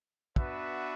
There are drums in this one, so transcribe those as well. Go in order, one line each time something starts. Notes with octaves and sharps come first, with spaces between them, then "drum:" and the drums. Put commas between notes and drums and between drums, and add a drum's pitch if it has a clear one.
B3 D4 F#4 B4 E5, drum: kick